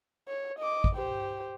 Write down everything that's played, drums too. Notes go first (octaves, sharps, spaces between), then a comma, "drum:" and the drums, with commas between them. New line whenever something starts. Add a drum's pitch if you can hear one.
C#5
D#5 D6
drum: kick
G4 C5